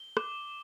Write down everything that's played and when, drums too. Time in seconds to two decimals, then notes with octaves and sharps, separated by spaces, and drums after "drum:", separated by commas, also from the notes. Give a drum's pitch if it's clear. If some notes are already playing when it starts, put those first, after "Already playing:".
Already playing: G7
0.17 D6, drum: rim click